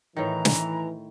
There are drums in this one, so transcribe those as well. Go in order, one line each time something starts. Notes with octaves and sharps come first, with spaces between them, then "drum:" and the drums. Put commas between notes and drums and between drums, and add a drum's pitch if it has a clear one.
A2 D#3 E3 A#5
drum: snare